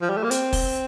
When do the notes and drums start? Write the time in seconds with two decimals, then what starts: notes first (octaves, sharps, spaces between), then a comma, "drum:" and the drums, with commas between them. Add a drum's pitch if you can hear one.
0.02 F3
0.10 G3
0.17 A3
0.24 A#3
0.31 C4, drum: hi-hat
0.53 drum: kick, open hi-hat